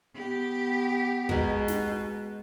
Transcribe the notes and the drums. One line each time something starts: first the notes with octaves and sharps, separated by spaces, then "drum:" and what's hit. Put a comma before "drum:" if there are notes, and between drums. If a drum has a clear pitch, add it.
B3 G4
B2 G#3 A#4, drum: kick
drum: snare